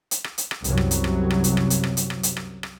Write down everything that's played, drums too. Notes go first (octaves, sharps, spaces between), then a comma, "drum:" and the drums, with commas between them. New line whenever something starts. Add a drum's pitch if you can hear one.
drum: hi-hat
drum: rim click
drum: hi-hat
drum: rim click
C2 F#2 C3 F#3, drum: hi-hat
drum: rim click
drum: hi-hat
drum: rim click
drum: rim click
drum: hi-hat
drum: rim click
drum: hi-hat
drum: rim click
drum: hi-hat
drum: rim click
drum: hi-hat
drum: rim click
drum: rim click